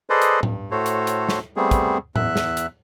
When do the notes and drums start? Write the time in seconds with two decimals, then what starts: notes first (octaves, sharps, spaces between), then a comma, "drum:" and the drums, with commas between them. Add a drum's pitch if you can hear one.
0.10 G#4 A4 B4 C5 D5 D#5
0.22 drum: hi-hat
0.43 G2, drum: tom A2
0.71 A2 A3 F#4 A4 C5 C#5
0.86 drum: hi-hat
1.07 drum: hi-hat
1.29 drum: snare
1.56 G3 A3 B3 C4 G#4
1.71 drum: kick, hi-hat
2.16 E2 E5 F#6, drum: tom A2
2.36 drum: snare
2.57 drum: hi-hat